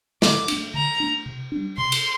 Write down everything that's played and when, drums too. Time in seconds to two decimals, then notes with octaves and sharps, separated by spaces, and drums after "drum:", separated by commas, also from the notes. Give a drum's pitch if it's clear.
0.22 D3 D6, drum: snare
0.48 A3 D4, drum: cymbal
0.74 D3 A#5
1.00 A3 D4
1.26 C3
1.52 G3 D4
1.78 C3 C6
1.92 drum: cymbal